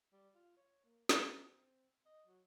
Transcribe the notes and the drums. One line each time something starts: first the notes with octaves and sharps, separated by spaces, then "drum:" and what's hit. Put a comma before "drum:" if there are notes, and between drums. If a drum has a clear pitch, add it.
G3
F4
C#5
A#3
B3, drum: snare
C4
D#5
F#3